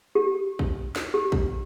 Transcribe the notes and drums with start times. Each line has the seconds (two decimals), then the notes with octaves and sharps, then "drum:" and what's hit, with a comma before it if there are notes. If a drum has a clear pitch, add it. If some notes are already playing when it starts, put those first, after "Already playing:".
0.15 G4
0.59 drum: kick
0.96 drum: snare
1.14 G4
1.32 drum: kick